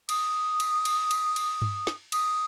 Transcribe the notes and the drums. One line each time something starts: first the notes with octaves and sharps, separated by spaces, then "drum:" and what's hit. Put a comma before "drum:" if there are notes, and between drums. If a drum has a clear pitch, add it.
D#6, drum: cymbal
drum: cymbal
drum: cymbal
drum: cymbal
drum: cymbal
drum: tom G2
drum: snare
D#6, drum: cymbal